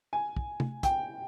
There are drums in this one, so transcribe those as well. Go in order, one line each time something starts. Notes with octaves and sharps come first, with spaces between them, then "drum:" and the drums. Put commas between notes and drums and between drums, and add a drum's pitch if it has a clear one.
G#5
drum: kick
drum: tom C3
G5, drum: kick, hi-hat